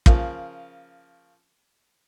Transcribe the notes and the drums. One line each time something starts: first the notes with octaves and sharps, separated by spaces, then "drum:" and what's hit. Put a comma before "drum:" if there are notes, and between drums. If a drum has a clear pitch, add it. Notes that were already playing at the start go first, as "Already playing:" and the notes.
C#3 F3 A#3, drum: kick